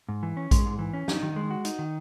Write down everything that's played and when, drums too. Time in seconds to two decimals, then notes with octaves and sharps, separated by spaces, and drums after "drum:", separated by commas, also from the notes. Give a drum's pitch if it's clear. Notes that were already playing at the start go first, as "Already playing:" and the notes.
0.09 G#2
0.23 E3
0.37 C#4
0.51 G#3, drum: kick A#1, hi-hat
0.66 G#2
0.79 E3
0.93 C#4
1.08 D#4, drum: snare
1.22 D#3
1.36 G#3
1.50 F#4
1.65 D#4, drum: hi-hat
1.79 D#3